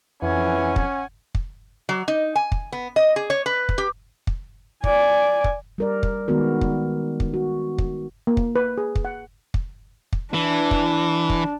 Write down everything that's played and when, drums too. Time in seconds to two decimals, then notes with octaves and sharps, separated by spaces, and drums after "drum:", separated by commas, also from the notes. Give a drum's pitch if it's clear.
0.22 F2 E3 C#4 F#5 G#5
0.76 drum: kick
1.35 drum: kick
1.89 F#3
2.08 D#4
2.35 G#5
2.52 drum: kick
2.72 B3
2.96 D#5
3.16 G#4
3.30 C#5
3.46 B4
3.69 drum: kick
3.78 G4
4.27 drum: kick
4.84 D5 G#5, drum: kick
5.44 drum: kick
5.78 G3 A#4 D5
6.03 drum: kick
6.28 D#3 G#3 B3 F#4 A#4
6.61 drum: kick
7.20 drum: kick
7.34 F#4
7.78 drum: kick
8.27 A#3
8.37 drum: kick
8.56 B4
8.78 G#4
8.95 drum: kick
9.05 F#5
9.54 drum: kick
10.13 drum: kick
10.34 E3 D4
10.71 drum: kick
11.30 drum: kick